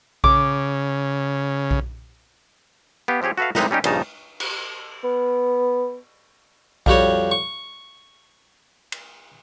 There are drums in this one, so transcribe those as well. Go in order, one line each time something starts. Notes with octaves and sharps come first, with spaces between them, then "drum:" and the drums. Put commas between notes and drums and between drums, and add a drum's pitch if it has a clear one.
C#3 D6, drum: kick B1
drum: kick B1
B3 G4 F5
F3 C4 G4 G#4 C#5
F#4 A4 B4 E5 F5
C3 G3 G#3 D#4 B4 A#5, drum: snare
G3 C#4 D#4 G4
A#1 G2 C#3 D#4 A5 A#5, drum: cymbal
drum: cymbal
B3
F2 G3 F#4 C#5, drum: kick B1
C#6
drum: cymbal